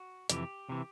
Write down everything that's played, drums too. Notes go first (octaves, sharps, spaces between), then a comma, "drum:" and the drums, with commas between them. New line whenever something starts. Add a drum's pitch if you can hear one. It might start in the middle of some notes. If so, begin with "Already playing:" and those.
Already playing: F#4
F2 C3 E3 G4, drum: hi-hat
C3 E3